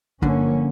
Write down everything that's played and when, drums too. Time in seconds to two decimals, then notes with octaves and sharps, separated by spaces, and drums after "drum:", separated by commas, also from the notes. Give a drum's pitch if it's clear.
0.22 G2 D3 F3 A#3 C#4, drum: kick